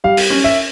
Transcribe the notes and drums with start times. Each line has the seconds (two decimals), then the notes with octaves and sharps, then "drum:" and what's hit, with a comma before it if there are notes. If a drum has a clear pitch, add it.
0.04 G3 F5
0.17 drum: open hi-hat
0.30 C#4
0.44 E5